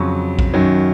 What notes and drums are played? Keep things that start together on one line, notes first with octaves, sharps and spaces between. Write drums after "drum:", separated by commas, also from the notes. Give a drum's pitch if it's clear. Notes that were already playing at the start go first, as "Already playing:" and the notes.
Already playing: F2 C#3 F#3 C#6
drum: kick A#1
F#2 D#3 F#3